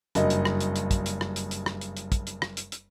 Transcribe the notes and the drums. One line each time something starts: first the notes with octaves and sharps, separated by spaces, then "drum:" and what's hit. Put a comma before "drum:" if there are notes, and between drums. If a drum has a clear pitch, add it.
F#1 G2 D#5, drum: hi-hat
drum: hi-hat
drum: rim click
drum: hi-hat
drum: hi-hat
drum: kick, hi-hat
drum: hi-hat
drum: rim click
drum: hi-hat
drum: hi-hat
drum: rim click
drum: hi-hat
drum: hi-hat
drum: kick, hi-hat
drum: hi-hat
drum: rim click
drum: hi-hat
drum: hi-hat